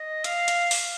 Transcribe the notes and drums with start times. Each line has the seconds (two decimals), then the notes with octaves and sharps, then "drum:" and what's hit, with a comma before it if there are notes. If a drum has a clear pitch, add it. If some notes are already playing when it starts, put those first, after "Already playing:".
Already playing: D#5
0.24 F5, drum: hi-hat
0.48 drum: hi-hat
0.71 drum: open hi-hat